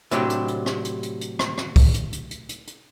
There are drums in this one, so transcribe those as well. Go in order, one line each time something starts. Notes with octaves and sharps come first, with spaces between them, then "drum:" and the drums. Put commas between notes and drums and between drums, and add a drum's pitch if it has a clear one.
A2 C3 F#3 D4 G4, drum: hi-hat
drum: hi-hat
drum: hi-hat
drum: rim click
drum: hi-hat
drum: hi-hat
drum: hi-hat
drum: rim click
drum: rim click
drum: kick, open hi-hat
drum: hi-hat
drum: hi-hat
drum: hi-hat
drum: hi-hat
drum: hi-hat